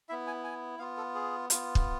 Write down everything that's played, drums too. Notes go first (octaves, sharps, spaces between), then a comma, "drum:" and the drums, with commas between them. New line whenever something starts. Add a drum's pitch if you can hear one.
B3 E4 E5
G#5
G#5
B3 F4 F5
A4
G#4
B3 F4, drum: hi-hat
drum: kick